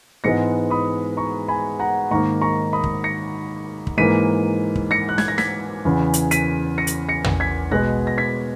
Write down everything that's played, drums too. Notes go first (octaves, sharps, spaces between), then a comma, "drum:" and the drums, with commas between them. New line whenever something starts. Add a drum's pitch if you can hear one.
G#2 E3 G#3 B3 A#6 C#7
B5 D#6
A#5 C#6
G#5 B5
F#5 A#5
G#2 D#3 A#3 A#5 C#6
A#5 C#6
B5 D#6
drum: kick
A#6 C#7
drum: kick
G#2 E3 A#3 B6 D#7
drum: kick
A#6 C#7
F#6
G#6, drum: snare
A#6
G#6 B6, drum: snare
E2 C#3 E3
drum: hi-hat
B6 D#7, drum: hi-hat
A#6 C#7
drum: hi-hat
A#6 C#7
drum: tom
G#6 B6
B2 G#3 B3 F#6 A#6
A#6
G#6 B6